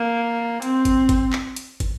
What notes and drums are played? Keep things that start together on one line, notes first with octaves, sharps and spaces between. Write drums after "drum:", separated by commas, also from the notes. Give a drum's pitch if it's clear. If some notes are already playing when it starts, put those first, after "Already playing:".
Already playing: A#3
C4, drum: hi-hat
drum: kick, hi-hat
drum: kick, hi-hat
drum: clap
drum: hi-hat
drum: kick, hi-hat